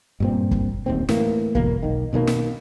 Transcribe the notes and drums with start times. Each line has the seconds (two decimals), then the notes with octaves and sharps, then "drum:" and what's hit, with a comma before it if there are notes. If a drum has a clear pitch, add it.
0.20 G2 A#2 C4
0.51 drum: kick
0.86 D1 D#2 C4
1.09 A2 E3 A#3, drum: snare
1.55 G1 E2 B2 A#3, drum: kick
1.83 B1 D#3
2.13 B2 D#3 G3 A#3
2.27 drum: snare